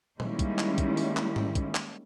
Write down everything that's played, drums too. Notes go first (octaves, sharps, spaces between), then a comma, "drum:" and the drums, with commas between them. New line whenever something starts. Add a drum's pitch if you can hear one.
D#3 G3 G#3 A#3 C#4 E4, drum: tom
drum: kick, hi-hat
drum: clap
drum: kick, hi-hat
drum: open hi-hat
drum: clap
drum: tom G#2
drum: kick, hi-hat
drum: clap